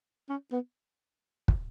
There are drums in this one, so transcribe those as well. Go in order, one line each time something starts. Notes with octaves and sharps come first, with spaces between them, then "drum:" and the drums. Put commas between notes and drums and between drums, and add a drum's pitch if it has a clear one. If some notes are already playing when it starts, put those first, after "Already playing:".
C#4
B3
drum: kick